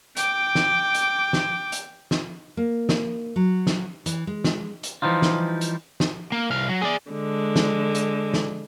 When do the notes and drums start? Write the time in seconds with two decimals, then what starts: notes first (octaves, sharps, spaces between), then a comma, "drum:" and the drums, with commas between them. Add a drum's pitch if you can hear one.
0.16 G5 D6, drum: hi-hat
0.55 drum: snare
0.94 drum: hi-hat
1.33 drum: snare
1.72 drum: hi-hat
2.11 drum: snare
2.57 A#3
2.89 drum: snare
3.36 F#3
3.67 drum: snare
4.06 E3, drum: hi-hat
4.27 G#3
4.44 drum: snare
4.83 drum: hi-hat
5.02 E3 F3 G3 D#4 F4
5.22 drum: snare
5.61 drum: hi-hat
6.00 drum: snare
6.32 A#3
6.50 C2 F5
6.69 F#3
6.81 G#4 D5
7.11 D3 G#3
7.56 drum: snare
7.95 drum: hi-hat
8.34 drum: snare